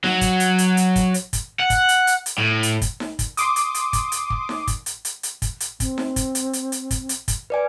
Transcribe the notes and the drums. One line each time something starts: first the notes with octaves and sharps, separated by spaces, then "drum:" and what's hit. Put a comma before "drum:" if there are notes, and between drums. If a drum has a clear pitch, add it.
F#3, drum: snare D#4
drum: kick, hi-hat
drum: hi-hat
drum: hi-hat
drum: hi-hat
drum: kick, hi-hat
drum: hi-hat
drum: kick, hi-hat
F#5
drum: kick, hi-hat
drum: hi-hat
drum: hi-hat
drum: hi-hat
A2
drum: hi-hat
drum: kick, hi-hat
drum: snare D#4
drum: kick, hi-hat
C6 D6 D#6, drum: hi-hat
drum: hi-hat
drum: hi-hat
drum: kick, hi-hat
drum: hi-hat
drum: kick
drum: snare D#4
drum: kick, hi-hat
drum: hi-hat
drum: hi-hat
drum: hi-hat
drum: kick, hi-hat
drum: hi-hat
C4, drum: kick, hi-hat
drum: snare D#4
drum: kick, hi-hat
drum: hi-hat
drum: hi-hat
drum: hi-hat
drum: kick, hi-hat
drum: hi-hat
drum: kick, hi-hat
B4 D5 G#5